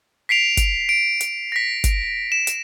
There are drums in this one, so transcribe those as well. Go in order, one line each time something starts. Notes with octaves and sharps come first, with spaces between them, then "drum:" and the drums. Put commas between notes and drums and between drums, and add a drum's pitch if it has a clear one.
B6 C7 D7 F7
drum: kick, hi-hat
D7
drum: hi-hat
A#6 B6
drum: kick, hi-hat
E7
drum: hi-hat